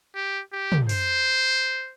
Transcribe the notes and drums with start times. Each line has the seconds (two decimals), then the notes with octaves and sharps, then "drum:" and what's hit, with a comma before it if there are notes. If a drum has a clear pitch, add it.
0.15 G4
0.52 G4
0.72 drum: tom
0.89 C5, drum: open hi-hat